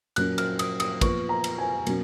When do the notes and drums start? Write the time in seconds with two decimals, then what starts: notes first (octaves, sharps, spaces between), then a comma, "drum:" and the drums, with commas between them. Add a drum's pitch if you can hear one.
0.16 A#2 F#3 A#3 C#4 F#6, drum: cymbal
0.38 F6, drum: cymbal
0.59 D#6, drum: cymbal
0.80 D#6, drum: cymbal
1.01 A#2 F3 B3 C#6, drum: kick, cymbal
1.29 A#5
1.44 drum: cymbal
1.58 G#5
1.87 B2 F#3 A#3 C#4, drum: cymbal